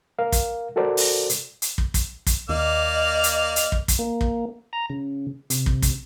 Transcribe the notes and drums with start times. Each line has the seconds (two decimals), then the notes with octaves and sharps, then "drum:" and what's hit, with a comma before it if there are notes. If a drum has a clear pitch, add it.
0.19 A#4 F5
0.32 drum: kick, hi-hat
0.76 F#4 A4 A#4 C5 D5
0.97 drum: open hi-hat
1.29 drum: hi-hat
1.62 drum: hi-hat
1.78 drum: kick
1.94 drum: kick, hi-hat
2.27 drum: kick, hi-hat
2.49 D#2 A#3 D5 D#5 F6
3.24 drum: hi-hat
3.56 drum: hi-hat
3.72 drum: kick
3.88 drum: kick, hi-hat
3.99 A#3
4.21 drum: kick
4.73 A#5
4.90 C#3
5.50 C3, drum: hi-hat
5.66 drum: kick
5.82 drum: kick, hi-hat